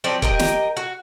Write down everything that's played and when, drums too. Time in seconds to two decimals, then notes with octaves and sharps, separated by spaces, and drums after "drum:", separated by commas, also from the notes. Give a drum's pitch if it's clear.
0.04 F3 F#3 C4 D5
0.22 G4 A#4 D#5, drum: kick
0.39 drum: snare
0.77 F#4